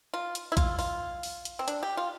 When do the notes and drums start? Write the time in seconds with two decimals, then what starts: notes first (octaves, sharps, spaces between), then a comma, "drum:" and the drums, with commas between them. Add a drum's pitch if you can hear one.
0.14 F4
0.35 drum: hi-hat
0.52 E4
0.57 F4, drum: kick A#1, hi-hat
0.79 F4, drum: open hi-hat
1.23 drum: open hi-hat
1.45 drum: hi-hat
1.59 C4
1.68 D4, drum: hi-hat
1.83 G4
1.97 F4